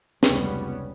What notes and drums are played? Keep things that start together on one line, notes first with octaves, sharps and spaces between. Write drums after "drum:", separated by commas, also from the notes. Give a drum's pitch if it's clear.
F1 C#2 G3 B3 C#4, drum: snare